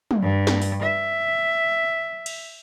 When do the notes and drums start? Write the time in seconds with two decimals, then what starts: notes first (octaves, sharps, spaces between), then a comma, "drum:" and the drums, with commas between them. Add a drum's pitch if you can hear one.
0.11 drum: tom
0.22 G2
0.47 drum: snare
0.62 drum: open hi-hat
0.83 E5
2.26 drum: cymbal